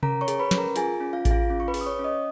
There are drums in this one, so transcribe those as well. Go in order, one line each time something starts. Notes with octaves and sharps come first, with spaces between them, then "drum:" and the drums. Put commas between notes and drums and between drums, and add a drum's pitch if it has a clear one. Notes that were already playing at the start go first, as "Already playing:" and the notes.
C#4 A#4 A#5, drum: tom C3
C#5 C#6
G#4, drum: hi-hat
B4 B5
C#4, drum: snare
A#4 A#5
F4 G#4 G#5, drum: hi-hat
C#4
F4 F5
G#4, drum: kick A1, hi-hat
F4 F5
C#4
C#6
B4 B5
G#4, drum: open hi-hat
D#6
C#5 C#6
C#4
D#5 D#6